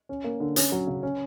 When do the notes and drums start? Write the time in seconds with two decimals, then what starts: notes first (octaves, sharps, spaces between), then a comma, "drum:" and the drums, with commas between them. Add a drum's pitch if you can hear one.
0.09 C#4
0.24 A#3
0.40 D3
0.56 C#4, drum: hi-hat
0.72 F#3
0.87 C#3
1.03 C#4